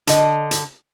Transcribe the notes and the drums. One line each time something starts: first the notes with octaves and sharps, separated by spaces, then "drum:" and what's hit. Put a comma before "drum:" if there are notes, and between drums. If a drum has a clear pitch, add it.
D3 D#5, drum: hi-hat
drum: hi-hat